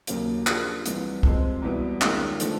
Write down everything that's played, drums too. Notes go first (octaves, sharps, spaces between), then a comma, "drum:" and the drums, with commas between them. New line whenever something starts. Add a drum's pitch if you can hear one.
D#2 C#3 F#3 A#3, drum: hi-hat
F3 A#3 D4 F4 G#4, drum: clap
C2 C3 E3, drum: hi-hat
C3 F3 G#3 C4, drum: kick C2
E2 B2 G3 B3 E4
D#3 G#3 C#4 F4, drum: clap
D3 F3 A3, drum: hi-hat